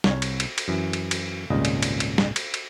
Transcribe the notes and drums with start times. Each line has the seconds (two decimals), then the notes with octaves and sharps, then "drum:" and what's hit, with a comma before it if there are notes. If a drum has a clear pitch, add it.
0.04 C2 C#5, drum: snare
0.22 drum: cymbal
0.40 drum: cymbal
0.58 drum: cymbal
0.68 F#2 E3
0.93 drum: cymbal
1.11 drum: cymbal
1.50 G#1 C#2 A#2 C#3 G3 D#5
1.65 drum: cymbal
1.82 drum: cymbal
2.00 drum: cymbal
2.18 drum: snare
2.36 drum: cymbal
2.54 drum: cymbal